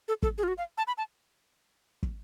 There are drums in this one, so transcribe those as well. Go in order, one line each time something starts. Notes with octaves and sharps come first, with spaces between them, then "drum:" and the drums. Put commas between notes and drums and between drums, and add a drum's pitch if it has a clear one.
A4
A4, drum: kick
G#4
F4
F#4
F5
A5
B5
A5
drum: kick